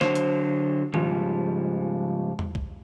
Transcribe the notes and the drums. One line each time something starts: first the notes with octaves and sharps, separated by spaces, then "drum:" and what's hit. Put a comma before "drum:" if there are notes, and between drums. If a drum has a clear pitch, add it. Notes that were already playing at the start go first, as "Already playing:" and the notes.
D3 F#3 C5, drum: snare
drum: hi-hat
G#2 C#3 F3 G3, drum: tom D#3
drum: tom E2
drum: kick B1